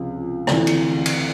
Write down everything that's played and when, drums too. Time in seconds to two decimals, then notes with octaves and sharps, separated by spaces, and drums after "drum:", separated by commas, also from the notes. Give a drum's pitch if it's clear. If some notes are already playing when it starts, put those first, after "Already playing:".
Already playing: C#2 C3 F3
0.47 D2 C3 E3, drum: rim click
0.67 drum: cymbal
1.06 drum: cymbal